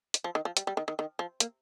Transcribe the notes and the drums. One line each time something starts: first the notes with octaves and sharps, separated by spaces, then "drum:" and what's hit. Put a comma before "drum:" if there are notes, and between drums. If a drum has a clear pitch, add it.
drum: hi-hat
F3
D#3
F3
G3, drum: hi-hat
G3
D#3
D#3
D#3
F3
A#3, drum: hi-hat